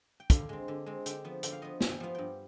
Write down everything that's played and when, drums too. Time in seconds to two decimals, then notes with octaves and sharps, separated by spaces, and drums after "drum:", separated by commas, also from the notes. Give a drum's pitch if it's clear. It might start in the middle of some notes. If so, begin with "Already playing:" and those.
0.20 G5
0.30 D3 F5, drum: kick, hi-hat
0.49 G#3 C4
0.68 D3
0.86 G#3 C4
1.06 D3 G5, drum: hi-hat
1.24 F3 B3
1.43 D3 G5, drum: hi-hat
1.53 F5
1.62 F3 B3 D#5
1.81 G2 G#5, drum: snare
1.92 G5
2.00 F3 B3 F5
2.15 G2 G5